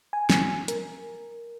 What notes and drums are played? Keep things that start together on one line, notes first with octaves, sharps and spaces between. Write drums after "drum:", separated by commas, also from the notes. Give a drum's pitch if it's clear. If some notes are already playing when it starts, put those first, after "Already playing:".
G#5
drum: snare
A#4, drum: hi-hat